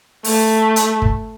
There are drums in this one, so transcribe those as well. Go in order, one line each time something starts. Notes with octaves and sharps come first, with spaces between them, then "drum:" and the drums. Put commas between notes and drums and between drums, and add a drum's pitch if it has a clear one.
A3, drum: open hi-hat
drum: hi-hat
drum: kick